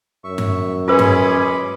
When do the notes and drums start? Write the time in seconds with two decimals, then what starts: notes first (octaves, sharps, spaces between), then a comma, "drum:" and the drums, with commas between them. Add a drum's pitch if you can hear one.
0.24 F#2 E5 C#6
0.38 drum: tom G2
0.88 G#3 C#4 F4 G#4 B4 B5 D6
0.99 drum: tom G2